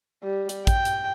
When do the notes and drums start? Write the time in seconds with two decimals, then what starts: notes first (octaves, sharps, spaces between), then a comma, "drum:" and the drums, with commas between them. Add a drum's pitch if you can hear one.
0.24 G3
0.49 drum: hi-hat
0.67 G5, drum: kick, hi-hat
0.85 drum: hi-hat